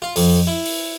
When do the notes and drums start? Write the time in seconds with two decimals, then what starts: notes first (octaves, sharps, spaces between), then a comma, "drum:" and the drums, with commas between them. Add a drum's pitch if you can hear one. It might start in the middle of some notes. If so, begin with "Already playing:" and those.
0.02 F4
0.16 F2, drum: open hi-hat
0.47 E4
0.66 drum: open hi-hat